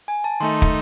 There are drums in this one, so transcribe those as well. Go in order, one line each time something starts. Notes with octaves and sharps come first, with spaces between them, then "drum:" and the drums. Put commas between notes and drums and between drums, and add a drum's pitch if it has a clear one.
G#5
A5
D#3 A3 D#4 C6
drum: kick